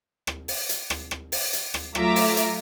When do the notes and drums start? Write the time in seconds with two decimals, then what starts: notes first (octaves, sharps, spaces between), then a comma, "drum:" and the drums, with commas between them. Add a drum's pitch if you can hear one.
0.27 drum: rim click
0.48 drum: open hi-hat
0.69 drum: hi-hat
0.90 drum: rim click
1.11 drum: rim click
1.32 drum: open hi-hat
1.53 drum: hi-hat
1.74 drum: rim click
1.95 F#3 A3 F4 E5 A#5 D6, drum: rim click
2.16 drum: open hi-hat
2.37 drum: hi-hat